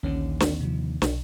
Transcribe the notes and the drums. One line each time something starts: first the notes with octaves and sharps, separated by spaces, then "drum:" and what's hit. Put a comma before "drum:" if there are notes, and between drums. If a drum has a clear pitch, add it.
A#1 D#2 D3 C#4
C4, drum: snare
C3 F3
B1, drum: snare